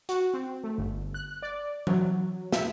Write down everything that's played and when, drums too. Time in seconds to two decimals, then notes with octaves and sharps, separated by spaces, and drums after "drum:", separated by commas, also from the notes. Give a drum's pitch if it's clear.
0.09 F#4, drum: hi-hat
0.34 C4
0.64 A3
0.78 G1
1.14 F#6
1.42 D5
1.87 F#3, drum: tom E3
2.52 E5, drum: snare